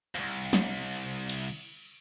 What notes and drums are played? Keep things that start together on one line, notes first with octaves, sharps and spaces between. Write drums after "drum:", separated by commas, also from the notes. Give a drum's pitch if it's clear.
C2 F2
drum: snare
drum: cymbal